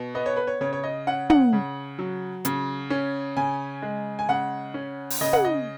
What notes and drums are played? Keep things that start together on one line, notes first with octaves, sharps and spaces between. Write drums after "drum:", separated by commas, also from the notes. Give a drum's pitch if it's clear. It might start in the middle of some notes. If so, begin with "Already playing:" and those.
Already playing: B2
B3 D#5
C#5
B4
C#5
C#3 C#5
C#5
D#5
C#4 F#5
F#5, drum: tom
C#3
F#3
C#3, drum: hi-hat
C#4
C#3 G#5
G#3
G#5
C#3 F#5
C#4
drum: open hi-hat
C#3 D#5
F#5, drum: tom
D#5